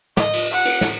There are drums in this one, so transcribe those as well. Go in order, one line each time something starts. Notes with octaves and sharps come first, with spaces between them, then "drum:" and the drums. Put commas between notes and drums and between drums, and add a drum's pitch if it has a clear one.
D#5, drum: snare
drum: cymbal
F#5
drum: cymbal
drum: snare